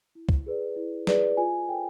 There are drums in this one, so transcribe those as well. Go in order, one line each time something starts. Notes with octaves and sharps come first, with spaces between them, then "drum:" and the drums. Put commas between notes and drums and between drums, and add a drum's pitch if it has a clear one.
E4
drum: kick
G#4 B4 D5
E4
G#4 B4 D5, drum: snare
F4 G#5
A4 C5 G5